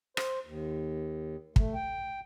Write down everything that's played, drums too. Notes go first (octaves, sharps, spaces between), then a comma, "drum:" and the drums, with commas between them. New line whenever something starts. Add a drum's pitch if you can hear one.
C5, drum: rim click
D#2
A3, drum: kick
G5